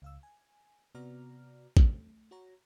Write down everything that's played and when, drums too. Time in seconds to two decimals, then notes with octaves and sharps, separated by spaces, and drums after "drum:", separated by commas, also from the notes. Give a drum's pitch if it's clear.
0.02 C#2 F5 E6
0.23 G#5
0.95 C3 B3 F#4 D5 A#5 F6
1.77 A3, drum: kick
2.31 F#4 C#5 A#5